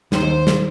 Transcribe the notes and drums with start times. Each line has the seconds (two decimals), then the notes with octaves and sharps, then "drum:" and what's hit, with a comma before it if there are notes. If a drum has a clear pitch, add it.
0.12 D#2 D#3 C5, drum: snare
0.47 drum: snare